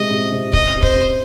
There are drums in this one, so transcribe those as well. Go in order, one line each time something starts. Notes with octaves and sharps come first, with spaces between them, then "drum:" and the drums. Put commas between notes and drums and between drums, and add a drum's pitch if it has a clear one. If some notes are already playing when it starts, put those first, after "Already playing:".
Already playing: C3 G#3 D#5
C3
C3
C3 D#5, drum: kick
C3
C5, drum: kick
C3